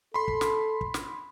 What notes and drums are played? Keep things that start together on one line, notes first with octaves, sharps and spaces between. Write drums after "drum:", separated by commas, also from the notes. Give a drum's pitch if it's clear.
A4 B5 C6
drum: kick
drum: snare
drum: kick
drum: snare